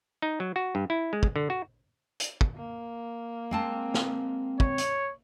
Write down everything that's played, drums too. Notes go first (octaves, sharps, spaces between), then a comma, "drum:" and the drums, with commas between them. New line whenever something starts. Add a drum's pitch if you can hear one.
D#4
F#3
F#4
G2
E4
G#3
drum: kick
D3
F#4
drum: hi-hat
drum: kick
A#3
G#3 C4 A5
drum: snare
C#5, drum: kick
drum: hi-hat